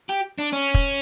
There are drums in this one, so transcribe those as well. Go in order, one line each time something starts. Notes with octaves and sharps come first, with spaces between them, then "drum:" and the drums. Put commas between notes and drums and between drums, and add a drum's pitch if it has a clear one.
G4
D4
C#4
drum: kick